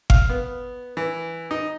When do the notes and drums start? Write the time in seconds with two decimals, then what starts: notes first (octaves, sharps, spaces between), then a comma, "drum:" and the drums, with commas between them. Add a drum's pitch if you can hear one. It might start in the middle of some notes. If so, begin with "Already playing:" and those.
0.10 F5, drum: kick G1
0.29 B3
0.97 E3
1.51 D#4